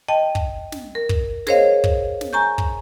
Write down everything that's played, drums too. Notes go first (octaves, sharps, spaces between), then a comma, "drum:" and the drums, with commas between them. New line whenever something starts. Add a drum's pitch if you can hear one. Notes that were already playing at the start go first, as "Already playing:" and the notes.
D#5 G5 A5
drum: kick
drum: snare
A#4
drum: kick
G#4 A#4 C5 C#5 D#5 F5, drum: snare
drum: kick
drum: snare
G#5 A#5 C#6 G6
drum: kick